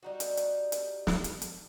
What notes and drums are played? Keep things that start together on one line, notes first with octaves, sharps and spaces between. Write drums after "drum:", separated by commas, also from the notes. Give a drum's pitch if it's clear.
G3 D#4 F#4
drum: hi-hat
drum: hi-hat
drum: hi-hat
drum: snare
drum: hi-hat
drum: hi-hat